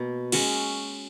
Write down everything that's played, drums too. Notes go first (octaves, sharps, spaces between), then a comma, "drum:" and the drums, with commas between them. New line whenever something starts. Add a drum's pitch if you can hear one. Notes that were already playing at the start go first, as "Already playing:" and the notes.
Already playing: B2 A#3
G#3 C#4 F#4, drum: cymbal